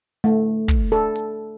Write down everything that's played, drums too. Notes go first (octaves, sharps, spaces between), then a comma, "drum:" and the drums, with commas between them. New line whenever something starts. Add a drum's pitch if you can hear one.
A3
drum: kick
A4
drum: hi-hat